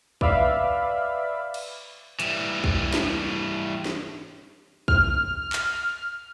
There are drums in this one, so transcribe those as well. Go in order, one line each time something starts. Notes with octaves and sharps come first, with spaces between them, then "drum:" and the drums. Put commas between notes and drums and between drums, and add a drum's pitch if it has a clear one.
B4 D5 E5 F5 B5, drum: kick
drum: cymbal
E3 G3, drum: hi-hat
drum: kick
drum: snare
drum: snare
F6, drum: kick
drum: clap